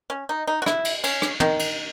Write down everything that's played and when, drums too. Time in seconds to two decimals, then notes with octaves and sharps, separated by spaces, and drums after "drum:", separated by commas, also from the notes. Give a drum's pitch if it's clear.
0.10 C#4
0.29 D#4
0.47 D#4
0.62 F#4
0.66 E4, drum: rim click
0.85 drum: cymbal
1.04 C#4, drum: cymbal
1.22 drum: rim click
1.40 D#3, drum: tom
1.59 drum: cymbal